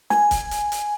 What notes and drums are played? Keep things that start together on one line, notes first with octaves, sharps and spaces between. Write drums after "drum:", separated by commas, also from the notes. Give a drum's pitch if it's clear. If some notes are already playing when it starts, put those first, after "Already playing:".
G#5, drum: snare
drum: kick, hi-hat
drum: hi-hat
drum: hi-hat